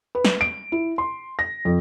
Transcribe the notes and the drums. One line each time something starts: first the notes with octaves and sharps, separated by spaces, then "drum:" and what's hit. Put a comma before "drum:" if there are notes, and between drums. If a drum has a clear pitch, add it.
B4
drum: snare
D7
E4
C6
A#6
F2